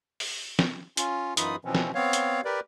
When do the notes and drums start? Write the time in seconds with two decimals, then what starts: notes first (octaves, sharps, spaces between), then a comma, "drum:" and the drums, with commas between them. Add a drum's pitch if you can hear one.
0.20 drum: open hi-hat
0.59 drum: snare
0.97 C#4 F4, drum: hi-hat
1.37 F#2 E3 D#4 F4 B5 D#6, drum: hi-hat
1.65 B2 E3 F3 C4 C#4
1.75 drum: snare
1.94 B3 C4 C#5 F5
2.13 drum: hi-hat
2.45 G4 A#4 B4 D5